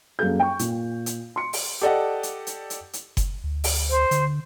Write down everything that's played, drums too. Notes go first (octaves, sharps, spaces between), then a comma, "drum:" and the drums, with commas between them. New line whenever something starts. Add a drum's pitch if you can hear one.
F#2 A#3 G#4 A4 G6
G5 C#6
A#2, drum: hi-hat
drum: hi-hat
C6 C#7
drum: open hi-hat
G4 A4 D5 D#5 F#5
drum: hi-hat
drum: hi-hat
drum: hi-hat
drum: hi-hat
drum: kick F#1, hi-hat
D2
drum: open hi-hat
C5
D3, drum: hi-hat